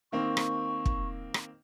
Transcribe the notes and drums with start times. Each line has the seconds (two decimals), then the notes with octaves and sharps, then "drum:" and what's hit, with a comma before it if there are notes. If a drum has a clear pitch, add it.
0.12 D#3 A#3 C4 C#6
0.37 drum: rim click
0.86 drum: kick
1.34 drum: rim click